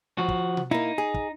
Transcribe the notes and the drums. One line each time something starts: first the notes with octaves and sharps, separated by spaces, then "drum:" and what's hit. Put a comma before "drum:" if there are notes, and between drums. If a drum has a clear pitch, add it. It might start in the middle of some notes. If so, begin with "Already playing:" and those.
F3 F#4
drum: kick
drum: tom B2
A#3 D#4 E4
G#4
drum: kick